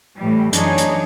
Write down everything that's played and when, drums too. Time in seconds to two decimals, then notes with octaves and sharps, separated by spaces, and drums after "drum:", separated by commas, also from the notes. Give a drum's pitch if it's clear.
0.17 A2 E3 G3
0.53 F#2 E3 D4 D#4 G#4 C#5, drum: hi-hat
0.78 drum: hi-hat